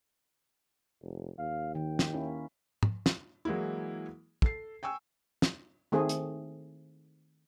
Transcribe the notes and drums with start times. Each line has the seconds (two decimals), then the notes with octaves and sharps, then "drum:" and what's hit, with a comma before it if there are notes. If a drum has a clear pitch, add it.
1.02 F1
1.38 D#2 F5
1.75 D#3 G5
1.99 drum: snare
2.13 A#3 C#4 E4
2.83 drum: tom
3.06 drum: snare
3.45 E3 F#3 G#3 A#3 E4
4.42 A4 C7, drum: kick
4.83 G5 G#5 C#6 E6
5.42 drum: snare
5.92 D#3 A3 C4 G#4
6.09 drum: hi-hat